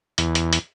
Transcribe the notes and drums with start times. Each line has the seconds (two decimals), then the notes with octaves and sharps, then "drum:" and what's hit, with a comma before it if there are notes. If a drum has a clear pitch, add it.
0.18 E2, drum: hi-hat
0.35 drum: hi-hat
0.53 drum: hi-hat